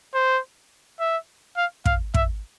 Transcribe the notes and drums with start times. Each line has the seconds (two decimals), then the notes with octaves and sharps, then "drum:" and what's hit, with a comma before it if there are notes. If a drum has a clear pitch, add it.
0.14 C5
1.00 E5
1.57 F5
1.86 F5, drum: kick
2.14 E5, drum: kick